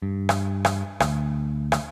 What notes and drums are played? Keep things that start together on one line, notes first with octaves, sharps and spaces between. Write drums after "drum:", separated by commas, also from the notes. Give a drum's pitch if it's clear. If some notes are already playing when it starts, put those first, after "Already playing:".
G2
drum: rim click
drum: rim click
D2, drum: rim click
drum: rim click